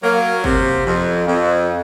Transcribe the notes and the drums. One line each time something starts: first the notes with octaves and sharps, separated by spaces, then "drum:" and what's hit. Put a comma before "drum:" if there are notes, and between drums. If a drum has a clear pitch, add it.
F#3 A#3
C3, drum: kick G1
F2
F2